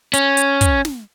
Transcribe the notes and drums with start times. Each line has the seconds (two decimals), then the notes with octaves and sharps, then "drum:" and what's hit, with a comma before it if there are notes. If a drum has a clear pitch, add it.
0.14 C#4, drum: hi-hat
0.37 drum: hi-hat
0.61 drum: kick, hi-hat
0.85 drum: snare